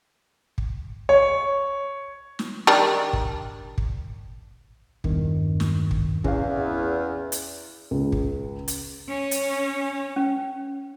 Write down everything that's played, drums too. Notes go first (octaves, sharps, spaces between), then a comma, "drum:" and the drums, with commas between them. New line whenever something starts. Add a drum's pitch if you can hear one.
drum: kick
C#5
drum: snare
D#3 G3 D4
drum: kick
drum: kick
E2 G2 D#3, drum: kick
drum: snare
drum: kick
E2 C#4 F5, drum: kick
drum: hi-hat
C#2
drum: kick
drum: hi-hat
C#4
drum: hi-hat
C#4